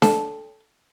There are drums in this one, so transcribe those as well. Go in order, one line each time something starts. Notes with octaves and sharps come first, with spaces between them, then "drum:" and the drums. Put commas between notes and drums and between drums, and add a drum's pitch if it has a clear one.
A4, drum: snare D4